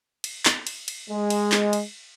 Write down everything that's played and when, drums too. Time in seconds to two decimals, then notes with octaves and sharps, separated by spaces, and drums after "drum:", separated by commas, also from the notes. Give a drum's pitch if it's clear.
0.24 drum: cymbal
0.45 drum: clap
0.67 drum: cymbal
0.88 drum: cymbal
1.09 G#3
1.30 drum: cymbal
1.52 drum: clap
1.73 drum: cymbal